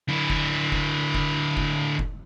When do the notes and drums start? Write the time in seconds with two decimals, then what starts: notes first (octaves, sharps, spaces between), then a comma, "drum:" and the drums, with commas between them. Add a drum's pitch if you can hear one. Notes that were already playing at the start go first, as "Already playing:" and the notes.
0.09 D3 E4
0.30 drum: kick F1
0.72 drum: kick F1
1.15 drum: kick F1
1.57 drum: kick F1
1.99 drum: kick F1